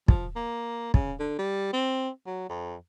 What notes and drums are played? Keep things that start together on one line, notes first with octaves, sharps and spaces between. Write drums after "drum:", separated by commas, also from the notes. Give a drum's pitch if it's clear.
F3, drum: kick
A#3
C#3, drum: kick
D3
G3
C4
F#3
F2